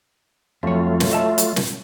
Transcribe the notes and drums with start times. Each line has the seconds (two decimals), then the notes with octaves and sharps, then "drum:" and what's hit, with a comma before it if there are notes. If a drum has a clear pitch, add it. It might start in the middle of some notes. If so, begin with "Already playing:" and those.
0.63 F2 F#3 A3 F4 C#5
1.00 drum: snare
1.12 D#5 E5 A5
1.38 drum: hi-hat
1.56 drum: snare